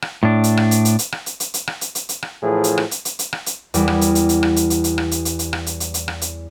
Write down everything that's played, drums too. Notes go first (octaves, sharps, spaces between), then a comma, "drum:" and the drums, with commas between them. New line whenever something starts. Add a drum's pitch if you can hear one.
drum: rim click
A2 D4
drum: hi-hat
drum: rim click
drum: hi-hat
drum: hi-hat
drum: hi-hat
drum: rim click
drum: hi-hat
drum: hi-hat
drum: hi-hat
drum: rim click
drum: hi-hat
drum: hi-hat
drum: hi-hat
drum: rim click
A2 E3 F3 G#4
drum: hi-hat
drum: rim click
drum: hi-hat
drum: hi-hat
drum: hi-hat
drum: rim click
drum: hi-hat
E2 G3, drum: hi-hat
drum: rim click
drum: hi-hat
drum: hi-hat
drum: hi-hat
drum: rim click
drum: hi-hat
drum: hi-hat
drum: hi-hat
drum: rim click
drum: hi-hat
drum: hi-hat
drum: hi-hat
drum: rim click
drum: hi-hat
drum: hi-hat
drum: hi-hat
drum: rim click
drum: hi-hat